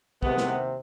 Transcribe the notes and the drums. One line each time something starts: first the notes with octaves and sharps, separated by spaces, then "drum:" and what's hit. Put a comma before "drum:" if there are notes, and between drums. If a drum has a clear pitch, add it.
D#2 C3 D#3 G#3 B3 F#5, drum: kick
drum: snare